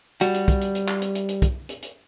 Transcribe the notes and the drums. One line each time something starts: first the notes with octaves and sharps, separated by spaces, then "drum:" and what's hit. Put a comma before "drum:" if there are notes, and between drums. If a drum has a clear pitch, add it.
G3 F#4, drum: hi-hat
drum: hi-hat
drum: kick, hi-hat
drum: hi-hat
drum: hi-hat
drum: clap
drum: hi-hat
drum: hi-hat
drum: hi-hat
drum: kick, hi-hat
drum: hi-hat
drum: hi-hat